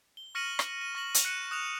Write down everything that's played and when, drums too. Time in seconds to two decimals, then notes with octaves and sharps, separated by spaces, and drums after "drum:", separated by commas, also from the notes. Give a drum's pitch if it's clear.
0.17 G7
0.35 C#6 F6 A#6 C#7 D#7 F#7
0.59 drum: rim click
0.81 D#7
0.95 C#6 A#6 F#7
1.14 drum: hi-hat
1.25 F#6 C#7 D#7 E7
1.51 D#6 F#6 E7 F7